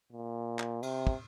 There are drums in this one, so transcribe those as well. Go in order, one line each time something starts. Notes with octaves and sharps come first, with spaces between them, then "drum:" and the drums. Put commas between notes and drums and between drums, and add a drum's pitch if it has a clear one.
A#2
drum: clap
C3, drum: cymbal
drum: kick